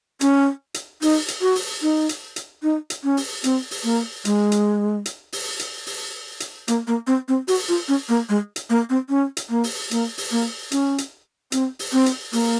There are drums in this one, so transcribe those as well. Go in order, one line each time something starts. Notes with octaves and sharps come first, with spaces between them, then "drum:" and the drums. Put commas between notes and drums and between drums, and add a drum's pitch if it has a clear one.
C#4, drum: hi-hat
drum: hi-hat
D#4, drum: open hi-hat
drum: hi-hat
F#4
drum: open hi-hat
D#4
drum: hi-hat
drum: hi-hat
D#4
drum: hi-hat
C#4
drum: open hi-hat
C4, drum: hi-hat
drum: open hi-hat
A#3
G#3, drum: hi-hat
drum: hi-hat
drum: hi-hat
drum: open hi-hat
drum: hi-hat
drum: open hi-hat
drum: hi-hat
A#3, drum: hi-hat
A#3
C4
C4
F#4, drum: open hi-hat
F4
C#4
A#3
G#3
drum: hi-hat
A#3
C4
C#4
drum: hi-hat
A#3
drum: open hi-hat
A#3, drum: hi-hat
drum: open hi-hat
A#3
C#4, drum: hi-hat
drum: hi-hat
C4, drum: hi-hat
drum: open hi-hat
C4
drum: hi-hat
A#3, drum: open hi-hat